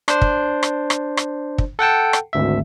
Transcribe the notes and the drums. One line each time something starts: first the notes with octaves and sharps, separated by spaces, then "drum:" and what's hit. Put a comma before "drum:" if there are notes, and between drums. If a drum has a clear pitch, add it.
D4 C5, drum: rim click
drum: kick
drum: rim click
drum: rim click
drum: rim click
drum: kick
A4 F#5 G5 A5
drum: rim click
G#1 D2 E5